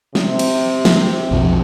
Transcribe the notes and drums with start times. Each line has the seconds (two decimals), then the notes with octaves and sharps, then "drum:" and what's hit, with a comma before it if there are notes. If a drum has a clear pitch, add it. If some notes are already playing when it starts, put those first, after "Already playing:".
0.15 C3, drum: snare
0.39 drum: cymbal
0.85 drum: snare
1.31 B1 F2 F3